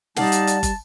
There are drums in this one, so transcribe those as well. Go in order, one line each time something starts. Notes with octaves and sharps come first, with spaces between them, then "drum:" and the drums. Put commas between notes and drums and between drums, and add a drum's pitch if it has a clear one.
G3 D#4 D5 F5 F#5 A5, drum: snare
drum: hi-hat
drum: hi-hat
drum: kick, hi-hat